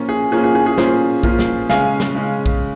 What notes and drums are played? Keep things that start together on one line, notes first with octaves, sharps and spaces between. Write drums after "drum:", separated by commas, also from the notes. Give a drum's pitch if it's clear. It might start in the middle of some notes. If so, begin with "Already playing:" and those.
Already playing: A#2 F3 A#3 C#4 F4
G#4
A#2 F3 A#3 C#4 F4 G#4
G#4
G#4
G#4
A#2 F3 A#3 C#4 F4 G#4 C5, drum: snare
A#2 F3 A#3 C#4 F4, drum: kick
drum: snare
C#3 G#3 C#4 F5 G#5, drum: snare
drum: snare
C#3 G#3 C#4
drum: kick